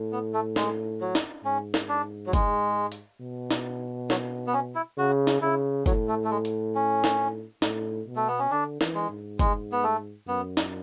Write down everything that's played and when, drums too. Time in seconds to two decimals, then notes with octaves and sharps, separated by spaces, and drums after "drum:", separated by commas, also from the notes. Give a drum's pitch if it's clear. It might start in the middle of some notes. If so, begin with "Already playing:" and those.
Already playing: A2
0.12 B3
0.34 A3
0.56 G#3, drum: snare
1.01 F#3
1.15 drum: snare
1.44 G#2 C#4
1.74 drum: snare
1.89 D4
2.27 F#3
2.33 G#3, drum: kick, hi-hat
2.92 drum: hi-hat
3.21 B2
3.51 drum: snare
4.10 F#3, drum: snare
4.47 B3
4.53 C#4
4.75 E4
4.97 C#3 F#4
5.27 drum: snare
5.41 C#3 E4
5.86 A2 F#3, drum: kick, hi-hat
6.08 A3
6.24 A3
6.31 G#3
6.45 drum: hi-hat
6.75 C#4
7.04 drum: snare
7.62 A2, drum: snare
8.07 B2
8.16 A3
8.28 B3
8.39 C#4
8.51 D3 D4
8.81 E3, drum: snare
8.95 G#3
9.10 G#2
9.39 G#3, drum: kick, hi-hat
9.72 B3
9.83 A3
10.28 F#2 B3
10.57 drum: snare